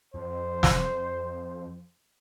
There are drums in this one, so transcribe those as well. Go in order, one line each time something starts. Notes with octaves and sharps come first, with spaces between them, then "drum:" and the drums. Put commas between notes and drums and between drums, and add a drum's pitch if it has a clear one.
F2 C5
drum: snare